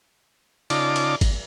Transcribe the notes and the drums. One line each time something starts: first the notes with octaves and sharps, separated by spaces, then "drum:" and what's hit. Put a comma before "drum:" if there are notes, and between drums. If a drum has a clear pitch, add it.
C#3 D#4 F4 D5 A5 D6, drum: cymbal
drum: cymbal
drum: kick, cymbal